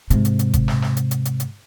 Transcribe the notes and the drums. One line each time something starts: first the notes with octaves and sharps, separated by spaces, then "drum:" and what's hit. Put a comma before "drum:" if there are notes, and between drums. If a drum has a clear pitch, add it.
G#2 C3, drum: hi-hat
drum: hi-hat
drum: hi-hat
drum: kick F#1, hi-hat
drum: snare
drum: snare
drum: hi-hat
drum: hi-hat
drum: hi-hat
drum: hi-hat